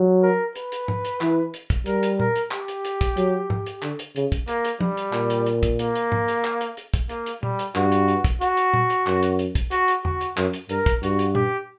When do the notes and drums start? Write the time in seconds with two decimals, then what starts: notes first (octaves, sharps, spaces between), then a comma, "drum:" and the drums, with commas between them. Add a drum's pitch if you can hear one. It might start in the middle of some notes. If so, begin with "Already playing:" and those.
Already playing: F#3
0.23 A#4
0.55 B4, drum: hi-hat
0.72 drum: hi-hat
0.88 drum: tom G#2
1.05 drum: hi-hat
1.21 E3, drum: clap
1.54 drum: hi-hat
1.70 drum: kick, hi-hat
1.86 G3 A#4, drum: hi-hat
2.03 drum: hi-hat
2.20 A#4, drum: tom A#2
2.36 drum: hi-hat
2.51 G4, drum: clap
2.68 drum: hi-hat
2.85 drum: hi-hat
3.01 drum: kick, hi-hat
3.17 F#3, drum: hi-hat
3.50 drum: tom G#2
3.66 drum: hi-hat
3.82 D3, drum: clap
3.99 drum: hi-hat
4.16 C#3, drum: hi-hat
4.32 drum: kick, hi-hat
4.48 A#3, drum: hi-hat
4.65 drum: hi-hat
4.81 G3, drum: tom
4.97 drum: hi-hat
5.13 A#2, drum: clap
5.30 drum: hi-hat
5.46 drum: hi-hat
5.63 drum: kick, hi-hat
5.79 A#3, drum: hi-hat
5.95 drum: hi-hat
6.12 drum: tom G#2
6.28 drum: hi-hat
6.45 drum: clap
6.61 drum: hi-hat
6.77 drum: hi-hat
6.94 drum: kick, hi-hat
7.09 A#3, drum: hi-hat
7.26 drum: hi-hat
7.43 G3, drum: tom A#2
7.59 drum: hi-hat
7.76 G2 F#4, drum: clap
7.92 drum: hi-hat
8.08 drum: hi-hat
8.24 drum: kick, hi-hat
8.41 F#4, drum: hi-hat
8.57 drum: hi-hat
8.74 drum: tom A#2
8.90 drum: hi-hat
9.07 F#2, drum: clap
9.23 drum: hi-hat
9.39 drum: hi-hat
9.55 drum: kick, hi-hat
9.71 F#4, drum: hi-hat
9.88 drum: hi-hat
10.05 F#4, drum: tom E2
10.21 drum: hi-hat
10.38 F#2, drum: clap
10.54 drum: hi-hat
10.69 G2 A#4, drum: hi-hat
10.86 drum: kick, hi-hat
11.03 G2 F#4, drum: hi-hat
11.19 drum: hi-hat
11.35 G4, drum: tom A#2